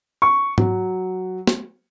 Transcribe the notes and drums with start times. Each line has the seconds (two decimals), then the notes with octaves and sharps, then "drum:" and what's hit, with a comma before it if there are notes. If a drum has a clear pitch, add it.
0.22 C#6
0.58 F#3, drum: tom G#2
1.47 drum: snare